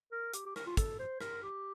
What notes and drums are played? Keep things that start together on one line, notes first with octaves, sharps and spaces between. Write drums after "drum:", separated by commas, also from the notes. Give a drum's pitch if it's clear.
A#4
G4, drum: hi-hat
G4
A#4, drum: rim click
F4
A4, drum: kick, hi-hat
C5
A#4, drum: rim click
G4